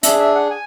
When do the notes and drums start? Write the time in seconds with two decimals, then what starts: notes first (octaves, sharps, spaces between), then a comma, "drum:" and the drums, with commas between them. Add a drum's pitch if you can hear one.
0.03 D4 G#4 E5, drum: hi-hat
0.19 E5
0.35 F#5
0.50 G#5